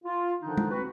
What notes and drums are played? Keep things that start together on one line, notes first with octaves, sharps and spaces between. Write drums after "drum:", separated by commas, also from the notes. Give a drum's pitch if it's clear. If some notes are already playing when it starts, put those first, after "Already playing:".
F4
D3 D#3 F3 D4 D#4
drum: tom G#3
C4 F#4 B4